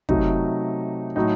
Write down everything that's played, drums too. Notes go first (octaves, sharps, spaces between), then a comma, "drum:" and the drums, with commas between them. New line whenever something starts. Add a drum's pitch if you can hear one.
C3 F#3 A3 D#4, drum: kick
A2 F#3 A3 D#4